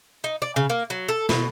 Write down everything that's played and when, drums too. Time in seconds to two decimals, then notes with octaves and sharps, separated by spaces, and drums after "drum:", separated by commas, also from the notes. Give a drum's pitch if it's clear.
0.24 D#4
0.42 D5
0.56 C#3
0.70 A#3
0.90 F#3
1.08 A4
1.29 B2, drum: snare